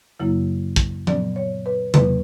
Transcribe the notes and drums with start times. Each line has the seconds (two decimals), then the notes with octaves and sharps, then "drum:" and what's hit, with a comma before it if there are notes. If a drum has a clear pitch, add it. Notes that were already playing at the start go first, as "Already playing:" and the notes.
0.20 F#2 C#3 F#3 A#3 E4
0.76 drum: kick
1.07 A#2 F#3 B3 D5, drum: tom F3
1.36 C#5
1.66 B4
1.94 E2 C#3 F#3 A#3 B4, drum: tom C3